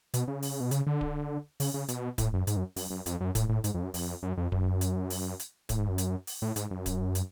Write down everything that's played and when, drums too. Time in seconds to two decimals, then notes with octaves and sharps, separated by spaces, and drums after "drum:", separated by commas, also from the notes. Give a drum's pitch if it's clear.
0.14 B2, drum: hi-hat
0.28 C#3
0.42 drum: open hi-hat
0.60 B2
0.71 C#3, drum: hi-hat
0.86 D3
1.01 drum: kick D1
1.60 C#3, drum: open hi-hat
1.74 C#3
1.88 B2, drum: hi-hat
2.18 A2, drum: kick D1, hi-hat
2.33 F#2
2.47 G#2, drum: hi-hat
2.57 F#2
2.76 F#2, drum: open hi-hat
2.90 F#2
3.06 F2, drum: hi-hat
3.21 F#2
3.35 A2, drum: kick D1, hi-hat
3.49 A2
3.64 G#2, drum: hi-hat
3.74 F2
3.83 F#2
3.94 F2, drum: open hi-hat
4.23 F#2
4.37 F2
4.52 F#2, drum: kick D1
4.81 drum: hi-hat
5.10 drum: open hi-hat
5.39 drum: hi-hat
5.69 A2, drum: kick D1, hi-hat
5.78 G#2
5.88 F#2
5.98 drum: hi-hat
6.27 drum: open hi-hat
6.42 A2
6.56 G#2, drum: hi-hat
6.71 F#2
6.86 drum: kick D1, hi-hat
7.15 drum: hi-hat